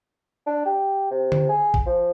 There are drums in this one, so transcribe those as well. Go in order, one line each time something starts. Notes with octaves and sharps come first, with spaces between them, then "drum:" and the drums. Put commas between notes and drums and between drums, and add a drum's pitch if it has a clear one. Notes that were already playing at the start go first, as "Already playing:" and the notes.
D4
G4
C3
drum: tom D3
G#4
drum: kick
F3